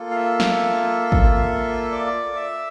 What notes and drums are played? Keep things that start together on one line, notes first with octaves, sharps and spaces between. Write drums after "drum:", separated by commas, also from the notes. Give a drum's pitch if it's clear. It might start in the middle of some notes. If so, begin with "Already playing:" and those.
Already playing: A#3 F4 A4
F5
E5
drum: snare
drum: kick G#1
D5
E5